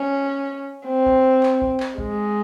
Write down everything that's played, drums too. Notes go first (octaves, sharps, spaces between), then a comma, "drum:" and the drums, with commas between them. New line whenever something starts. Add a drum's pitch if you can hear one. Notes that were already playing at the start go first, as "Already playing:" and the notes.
Already playing: C#4
C4
drum: kick A1
drum: clap
drum: kick A1
drum: clap
G#3, drum: kick A1